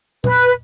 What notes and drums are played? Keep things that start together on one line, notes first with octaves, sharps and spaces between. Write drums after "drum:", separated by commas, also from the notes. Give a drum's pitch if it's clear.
B4, drum: tom A#2